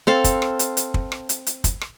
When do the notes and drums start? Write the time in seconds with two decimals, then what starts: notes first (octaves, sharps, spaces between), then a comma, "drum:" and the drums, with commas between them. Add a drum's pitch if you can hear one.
0.07 C4 A4 F5
0.24 drum: kick, hi-hat
0.42 drum: rim click
0.59 drum: hi-hat
0.77 drum: hi-hat
0.94 drum: kick
1.12 drum: rim click
1.29 drum: hi-hat
1.47 drum: hi-hat
1.64 drum: kick, hi-hat
1.81 drum: rim click